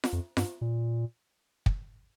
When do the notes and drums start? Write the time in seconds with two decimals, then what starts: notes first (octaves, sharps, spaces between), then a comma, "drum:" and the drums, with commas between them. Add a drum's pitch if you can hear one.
0.04 drum: snare F4
0.13 F2
0.37 G2, drum: snare F4
0.61 A#2
1.66 drum: kick